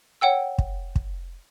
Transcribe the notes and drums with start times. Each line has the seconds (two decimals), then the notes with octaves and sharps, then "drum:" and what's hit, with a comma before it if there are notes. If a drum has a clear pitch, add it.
0.21 C#5 F#5 G5 E6
0.58 drum: kick
0.96 drum: kick